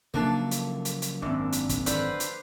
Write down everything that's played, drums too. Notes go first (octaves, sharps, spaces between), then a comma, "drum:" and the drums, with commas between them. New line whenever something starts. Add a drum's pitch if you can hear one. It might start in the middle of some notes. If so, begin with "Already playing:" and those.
C#3 F3 F#3 A3 A#3 D4 A5
drum: hi-hat
drum: hi-hat
drum: hi-hat
G#1 F#2 C4 D4
drum: hi-hat
drum: kick, hi-hat
D3 D4 B4 C5 F#5 B5, drum: hi-hat
drum: hi-hat